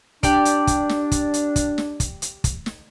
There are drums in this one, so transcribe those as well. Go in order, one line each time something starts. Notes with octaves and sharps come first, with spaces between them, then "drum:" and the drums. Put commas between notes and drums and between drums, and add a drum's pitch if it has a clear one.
D4 G4 D5, drum: kick, hi-hat
drum: hi-hat
drum: kick, hi-hat
drum: snare
drum: kick, hi-hat
drum: hi-hat
drum: kick, hi-hat
drum: snare
drum: kick, hi-hat
drum: hi-hat
drum: kick, hi-hat
drum: snare